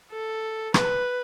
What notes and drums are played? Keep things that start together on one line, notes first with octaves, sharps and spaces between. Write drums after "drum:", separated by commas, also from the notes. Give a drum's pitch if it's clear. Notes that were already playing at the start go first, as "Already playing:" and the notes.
A4
B4, drum: rim click